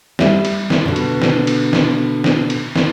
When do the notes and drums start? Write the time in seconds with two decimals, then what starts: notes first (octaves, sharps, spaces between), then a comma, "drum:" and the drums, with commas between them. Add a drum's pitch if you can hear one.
0.19 G3 E5, drum: snare
0.45 drum: cymbal
0.70 drum: snare
0.85 B2 D3
0.96 drum: cymbal
1.22 drum: snare
1.47 drum: cymbal
1.73 drum: snare
2.24 drum: snare
2.50 drum: cymbal
2.76 drum: snare